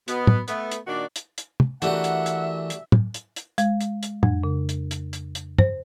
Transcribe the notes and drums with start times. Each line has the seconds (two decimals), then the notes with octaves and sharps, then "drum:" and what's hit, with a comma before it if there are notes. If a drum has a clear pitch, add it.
0.08 B2 B3, drum: hi-hat
0.27 drum: tom
0.48 A3 B3, drum: hi-hat
0.72 drum: hi-hat
0.87 A#2 D#3 D4 F#4 D5
1.16 drum: hi-hat
1.38 drum: hi-hat
1.60 drum: tom
1.82 E3 A3 D4 F#4 G4 A#4 E5 F#5, drum: hi-hat
2.04 drum: hi-hat
2.26 drum: hi-hat
2.70 drum: hi-hat
2.92 drum: tom
3.14 drum: hi-hat
3.36 drum: hi-hat
3.58 G#3, drum: hi-hat
3.81 drum: hi-hat
4.03 drum: hi-hat
4.23 F2, drum: tom
4.44 C#3
4.69 drum: hi-hat
4.91 drum: hi-hat
5.13 drum: hi-hat
5.35 drum: hi-hat
5.59 C5, drum: tom